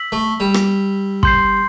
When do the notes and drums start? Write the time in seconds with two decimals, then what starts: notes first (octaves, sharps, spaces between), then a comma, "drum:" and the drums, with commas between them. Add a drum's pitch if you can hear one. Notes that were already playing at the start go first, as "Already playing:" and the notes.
Already playing: E6 B6 F#7
0.12 A3
0.40 G3
0.54 drum: rim click
1.23 C6 G6 C7, drum: kick